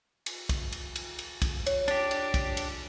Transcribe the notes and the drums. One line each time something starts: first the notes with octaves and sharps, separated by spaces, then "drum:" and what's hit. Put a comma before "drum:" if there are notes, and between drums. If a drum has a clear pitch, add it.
drum: cymbal
drum: kick, cymbal
drum: cymbal
drum: cymbal
drum: cymbal
drum: kick, cymbal
C#5, drum: cymbal
D4 G4, drum: cymbal
drum: cymbal
drum: kick, cymbal
drum: cymbal